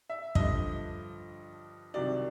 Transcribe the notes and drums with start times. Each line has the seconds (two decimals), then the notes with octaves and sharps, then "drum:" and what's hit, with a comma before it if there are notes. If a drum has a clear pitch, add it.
0.10 E5
0.35 G2 D3 F3 D#5, drum: kick
1.94 C2 C3 D#3 F#3 D5